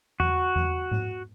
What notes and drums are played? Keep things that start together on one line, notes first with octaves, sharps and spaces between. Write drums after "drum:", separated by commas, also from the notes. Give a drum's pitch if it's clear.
F#4, drum: tom E2
drum: tom E2
drum: tom G#2